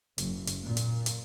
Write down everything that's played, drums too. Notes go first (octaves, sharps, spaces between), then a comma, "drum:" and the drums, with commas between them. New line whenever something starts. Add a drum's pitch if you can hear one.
F#1, drum: hi-hat
drum: hi-hat
A#2
drum: hi-hat
drum: hi-hat